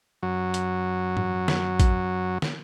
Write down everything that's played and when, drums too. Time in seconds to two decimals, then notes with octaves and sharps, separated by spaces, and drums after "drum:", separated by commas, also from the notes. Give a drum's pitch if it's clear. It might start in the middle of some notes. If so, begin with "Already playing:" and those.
0.23 F#2 F#3
0.54 drum: hi-hat
1.17 drum: tom
1.48 drum: snare
1.80 drum: kick, hi-hat
2.42 drum: snare